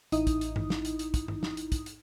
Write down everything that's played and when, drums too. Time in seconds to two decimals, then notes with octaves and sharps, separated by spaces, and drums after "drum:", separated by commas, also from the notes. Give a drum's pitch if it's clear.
0.12 A1 D#4 E4 D#6, drum: hi-hat
0.27 drum: kick, hi-hat
0.41 drum: hi-hat
0.56 drum: tom G2
0.70 drum: snare
0.85 drum: hi-hat
0.99 drum: hi-hat
1.14 drum: kick, hi-hat
1.28 drum: tom G2
1.43 drum: snare
1.57 drum: hi-hat
1.72 drum: kick, hi-hat
1.86 drum: hi-hat